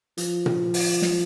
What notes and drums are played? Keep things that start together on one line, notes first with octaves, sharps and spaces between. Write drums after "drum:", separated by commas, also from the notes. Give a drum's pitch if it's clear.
F3, drum: hi-hat
drum: tom A#2
drum: open hi-hat
drum: snare